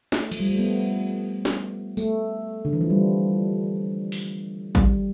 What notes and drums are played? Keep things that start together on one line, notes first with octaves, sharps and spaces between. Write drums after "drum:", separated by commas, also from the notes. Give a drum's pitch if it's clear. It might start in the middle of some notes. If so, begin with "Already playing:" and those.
A3, drum: snare
F3, drum: cymbal
G3
A3
B3
drum: snare
A3, drum: tambourine
D3
E3
F3
G3
drum: open hi-hat
G3, drum: kick